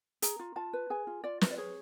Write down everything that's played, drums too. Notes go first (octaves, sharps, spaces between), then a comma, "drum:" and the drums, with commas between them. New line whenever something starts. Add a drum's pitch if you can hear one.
G#4 A#5, drum: hi-hat
F4
F4 A5
B4
G#4 G#5
F4
F4 D5
B4, drum: snare
D5
G#4 C#5